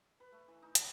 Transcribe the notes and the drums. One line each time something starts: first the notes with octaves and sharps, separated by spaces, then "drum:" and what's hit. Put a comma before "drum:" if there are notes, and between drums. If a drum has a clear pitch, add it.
B4
A3
E3
D#4
D5, drum: hi-hat